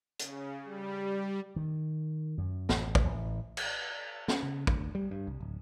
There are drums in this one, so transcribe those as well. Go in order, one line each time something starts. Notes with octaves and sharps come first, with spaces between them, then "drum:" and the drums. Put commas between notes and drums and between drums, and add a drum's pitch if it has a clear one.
C#3, drum: hi-hat
G3
D#3
F#2
A1, drum: snare
drum: kick
A1
drum: cymbal
C#4, drum: snare
C#3
D2, drum: kick
G3
G2
C2
D1